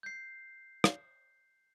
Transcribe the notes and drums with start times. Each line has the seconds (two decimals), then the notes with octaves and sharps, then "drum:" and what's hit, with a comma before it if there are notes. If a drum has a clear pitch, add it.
0.03 G6 C7
0.84 drum: rim click